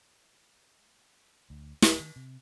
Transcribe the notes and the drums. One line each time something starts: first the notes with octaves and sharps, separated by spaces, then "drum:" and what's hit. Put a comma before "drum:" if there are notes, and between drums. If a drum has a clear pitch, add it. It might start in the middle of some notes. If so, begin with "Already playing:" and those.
D2
D1, drum: snare
D#3
C3